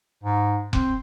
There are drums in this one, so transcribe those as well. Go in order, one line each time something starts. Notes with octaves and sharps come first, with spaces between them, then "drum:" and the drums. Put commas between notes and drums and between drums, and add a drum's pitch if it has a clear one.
G#2
C4, drum: kick F1